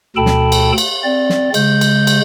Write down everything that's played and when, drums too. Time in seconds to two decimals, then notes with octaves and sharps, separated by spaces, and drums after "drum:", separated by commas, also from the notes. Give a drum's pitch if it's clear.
0.16 D2 B2 A4 G5 A5 B5
0.26 drum: snare
0.52 drum: cymbal
0.78 drum: cymbal
1.04 C4 D5
1.30 drum: snare
1.54 C#3 G#3 G6, drum: cymbal
1.81 drum: cymbal
2.07 drum: cymbal